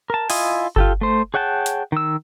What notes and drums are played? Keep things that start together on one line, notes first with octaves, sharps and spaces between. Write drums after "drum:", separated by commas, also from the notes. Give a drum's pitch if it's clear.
A#4 A5
E4 F4 D#5 G#5, drum: open hi-hat
F4 G4 A4, drum: kick G1
A3 C5
G#4 C#5 F#5 G5 A5
drum: hi-hat
D#3 E6